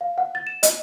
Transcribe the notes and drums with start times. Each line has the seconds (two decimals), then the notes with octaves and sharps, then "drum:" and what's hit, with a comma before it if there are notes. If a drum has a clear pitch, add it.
0.01 F5
0.18 F#5
0.35 A6
0.47 E7
0.63 D#5, drum: hi-hat